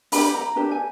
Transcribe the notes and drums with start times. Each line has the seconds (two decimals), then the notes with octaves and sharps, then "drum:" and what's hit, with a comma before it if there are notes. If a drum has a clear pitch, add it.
0.12 D4 G4 B4 B5, drum: open hi-hat
0.35 A#5
0.56 D4 G4 B4 A5
0.71 G#5